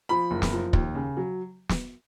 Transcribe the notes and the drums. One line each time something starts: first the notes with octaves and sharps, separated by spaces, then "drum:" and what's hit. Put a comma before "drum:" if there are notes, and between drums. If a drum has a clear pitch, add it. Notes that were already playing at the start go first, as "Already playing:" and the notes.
F3 B5
F#1
drum: snare
F3
D#2, drum: kick
C#3
F#3
drum: snare